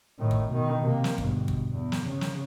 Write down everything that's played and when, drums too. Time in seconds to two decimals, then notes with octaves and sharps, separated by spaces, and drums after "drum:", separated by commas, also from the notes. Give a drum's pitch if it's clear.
0.19 A2 D#3
0.31 drum: kick
0.50 B2 D#3
0.82 C3 A#3
1.04 drum: snare
1.18 G1 B2, drum: kick
1.48 drum: kick
1.73 E2
1.92 drum: snare
2.07 C#3
2.21 drum: snare